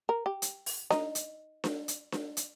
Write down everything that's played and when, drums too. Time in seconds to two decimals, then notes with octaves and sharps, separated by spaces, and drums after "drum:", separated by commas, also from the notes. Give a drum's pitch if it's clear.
0.09 A#4
0.26 G4
0.42 drum: hi-hat
0.66 drum: open hi-hat
0.90 D#4, drum: snare D4
1.15 drum: hi-hat
1.64 drum: snare D4
1.88 drum: hi-hat
2.12 drum: snare D4
2.37 drum: hi-hat